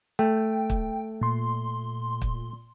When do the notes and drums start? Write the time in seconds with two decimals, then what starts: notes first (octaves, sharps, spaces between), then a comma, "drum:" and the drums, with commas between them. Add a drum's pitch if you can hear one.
0.19 A3 G5
0.70 drum: kick
1.21 A#2 C6
2.22 drum: kick